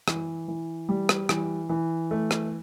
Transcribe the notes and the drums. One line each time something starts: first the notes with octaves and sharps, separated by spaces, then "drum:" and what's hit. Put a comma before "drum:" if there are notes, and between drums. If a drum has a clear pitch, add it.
E3, drum: rim click
E3
G3
drum: rim click
E3, drum: rim click
E3
A3
drum: rim click